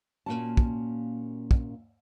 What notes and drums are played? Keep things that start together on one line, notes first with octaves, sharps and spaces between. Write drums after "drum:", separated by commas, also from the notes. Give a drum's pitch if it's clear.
A#2 G#3 A#3 C#4 F#4 A5
drum: kick
drum: kick